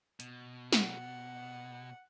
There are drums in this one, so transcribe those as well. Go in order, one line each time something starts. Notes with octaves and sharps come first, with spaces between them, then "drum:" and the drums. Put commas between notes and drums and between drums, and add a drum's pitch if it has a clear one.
B2, drum: hi-hat
F#5, drum: snare